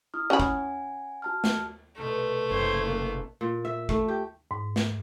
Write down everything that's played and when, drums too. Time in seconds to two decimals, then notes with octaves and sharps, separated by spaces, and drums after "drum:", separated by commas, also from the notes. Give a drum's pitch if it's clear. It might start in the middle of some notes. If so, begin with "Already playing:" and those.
0.14 E4 D#6 F6
0.30 C#4 F#5 G#5 B5
0.40 drum: kick
1.22 F#4 A5 F6
1.44 drum: snare
1.98 C2 B2 A3
2.50 F#1 C5 C#5
2.85 A#3 B3
3.41 A#2
3.65 E5
3.89 A3, drum: kick
4.08 G4
4.51 G#2
4.76 drum: snare